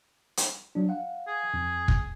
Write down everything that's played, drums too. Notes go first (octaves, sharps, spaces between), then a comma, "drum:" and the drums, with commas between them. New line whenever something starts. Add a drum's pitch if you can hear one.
drum: hi-hat
F#3 D4
F5 F#5
G#4
F2
drum: kick